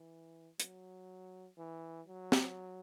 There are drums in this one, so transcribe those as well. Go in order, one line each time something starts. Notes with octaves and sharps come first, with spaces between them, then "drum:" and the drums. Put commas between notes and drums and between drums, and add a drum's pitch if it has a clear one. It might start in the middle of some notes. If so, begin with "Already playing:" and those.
Already playing: E3
F#3, drum: hi-hat
E3
F#3
drum: snare